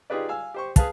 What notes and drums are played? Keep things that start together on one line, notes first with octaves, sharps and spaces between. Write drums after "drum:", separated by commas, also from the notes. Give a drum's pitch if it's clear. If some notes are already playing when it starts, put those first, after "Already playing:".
D#4 F4 G4 G#4 B4 D5
F5 G#5 E6
G4 C5 C#6
G#4 B4 F5 A5, drum: kick, hi-hat